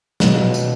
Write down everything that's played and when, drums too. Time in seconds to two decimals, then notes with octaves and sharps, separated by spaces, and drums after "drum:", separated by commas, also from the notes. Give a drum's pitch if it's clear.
0.20 B2, drum: snare
0.54 drum: tambourine